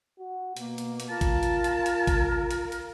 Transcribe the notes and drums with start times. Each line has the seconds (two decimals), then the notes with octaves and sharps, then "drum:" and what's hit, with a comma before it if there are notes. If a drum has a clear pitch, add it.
0.19 F#4
0.56 B2 A#3, drum: hi-hat
0.78 drum: hi-hat
1.00 drum: hi-hat
1.09 F4 A#4 A5
1.21 drum: kick A1, hi-hat
1.43 drum: hi-hat
1.64 drum: hi-hat
1.86 drum: hi-hat
2.07 drum: kick A1, hi-hat
2.51 drum: hi-hat
2.72 drum: hi-hat